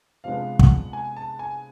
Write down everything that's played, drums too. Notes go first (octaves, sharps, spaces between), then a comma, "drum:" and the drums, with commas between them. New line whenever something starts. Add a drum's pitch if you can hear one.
C3 F3 G#3 B3 D4 F5
F#5, drum: kick
G#5
A5
G#5